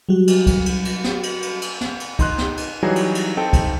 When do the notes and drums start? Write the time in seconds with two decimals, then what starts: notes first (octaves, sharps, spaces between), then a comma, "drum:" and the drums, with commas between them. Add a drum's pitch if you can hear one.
0.09 F#3 G3 F#4
0.27 drum: cymbal
0.47 drum: kick C#2, cymbal
0.66 drum: cymbal
0.85 drum: cymbal
1.04 drum: snare
1.23 drum: cymbal
1.42 drum: cymbal
1.62 drum: cymbal
1.81 drum: snare
2.00 drum: cymbal
2.19 D#4 C6 F#6, drum: kick C#2, cymbal
2.38 drum: snare
2.57 drum: cymbal
2.83 E3 F#3 G3 D#4 F#4 G#4
2.96 drum: cymbal
3.15 drum: cymbal
3.37 C4 D#4 A4 G5
3.53 drum: kick C#2, cymbal